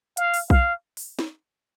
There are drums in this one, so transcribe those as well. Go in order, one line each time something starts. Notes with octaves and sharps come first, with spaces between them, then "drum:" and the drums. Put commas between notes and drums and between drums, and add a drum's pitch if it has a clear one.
F5, drum: hi-hat
drum: open hi-hat
F5, drum: kick B1
drum: open hi-hat
drum: snare